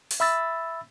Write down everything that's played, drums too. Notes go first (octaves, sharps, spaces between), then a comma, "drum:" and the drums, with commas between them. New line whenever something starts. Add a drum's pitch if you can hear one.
drum: open hi-hat
E5 B5 E6 A6